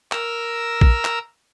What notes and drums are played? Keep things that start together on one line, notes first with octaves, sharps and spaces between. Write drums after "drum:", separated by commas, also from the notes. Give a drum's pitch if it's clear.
A#4 A#5 E6, drum: clap
drum: kick A#1
drum: clap